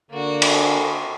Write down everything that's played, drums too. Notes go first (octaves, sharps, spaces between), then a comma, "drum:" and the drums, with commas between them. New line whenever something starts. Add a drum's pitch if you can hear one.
D3 A#3 F#4
drum: cymbal